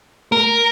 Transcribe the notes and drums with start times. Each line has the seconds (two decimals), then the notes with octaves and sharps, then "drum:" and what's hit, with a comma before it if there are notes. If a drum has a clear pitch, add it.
0.32 A#4, drum: tom A3